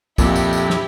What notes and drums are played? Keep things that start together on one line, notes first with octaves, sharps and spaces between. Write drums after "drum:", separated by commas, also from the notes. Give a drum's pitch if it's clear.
F2 A#2 E4 G4, drum: kick, tambourine
drum: tambourine
drum: tambourine
drum: snare